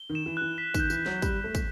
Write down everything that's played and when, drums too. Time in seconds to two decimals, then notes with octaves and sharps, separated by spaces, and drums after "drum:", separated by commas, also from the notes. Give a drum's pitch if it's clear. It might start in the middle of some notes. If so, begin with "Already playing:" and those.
Already playing: G7
0.10 D#3
0.15 E7
0.26 E3
0.37 E3 F#6
0.58 B6
0.74 D#3, drum: kick, tambourine
0.80 G6
0.90 E3, drum: tambourine
1.01 G6
1.06 F#3, drum: snare
1.22 G3 G6, drum: kick, tambourine
1.44 A3 G6
1.55 drum: kick, tambourine